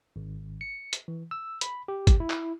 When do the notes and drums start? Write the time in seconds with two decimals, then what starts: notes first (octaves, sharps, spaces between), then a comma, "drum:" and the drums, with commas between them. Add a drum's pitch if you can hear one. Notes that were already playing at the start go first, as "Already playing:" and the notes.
0.16 G#1
0.61 C#7
0.93 drum: hi-hat
1.08 E3
1.31 E6
1.61 B5, drum: hi-hat
1.88 G4
2.07 drum: kick, hi-hat
2.20 E4
2.30 drum: clap